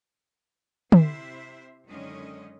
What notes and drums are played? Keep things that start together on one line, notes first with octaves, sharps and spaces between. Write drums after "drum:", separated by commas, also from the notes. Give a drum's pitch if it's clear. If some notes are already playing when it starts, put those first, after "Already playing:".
C3 E4 C5 E5, drum: tom
F#2 D3 D#3 G#3 C#4 D#5